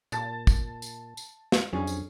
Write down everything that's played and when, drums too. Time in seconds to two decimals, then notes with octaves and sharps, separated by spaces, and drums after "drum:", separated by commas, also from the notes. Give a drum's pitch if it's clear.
0.12 A#2 A5 A6, drum: tambourine
0.47 drum: kick, tambourine
0.82 drum: tambourine
1.17 drum: tambourine
1.52 drum: snare
1.73 F2 F#3 C#4 D4 G#4
1.87 drum: tambourine